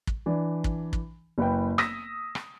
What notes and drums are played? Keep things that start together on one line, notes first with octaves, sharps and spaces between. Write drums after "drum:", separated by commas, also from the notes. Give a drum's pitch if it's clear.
drum: kick
E3 D4
drum: kick
drum: kick
F#1 B4 G5
D#6 E6 A#6 B6, drum: rim click
drum: rim click